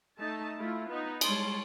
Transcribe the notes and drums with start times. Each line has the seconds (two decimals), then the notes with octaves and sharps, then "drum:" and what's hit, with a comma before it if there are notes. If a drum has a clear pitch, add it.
0.18 A3 D#4 A5
0.58 A3 E4 F4
0.88 B3 D#4
1.21 G3 G#3 C#5 A5 C6, drum: cymbal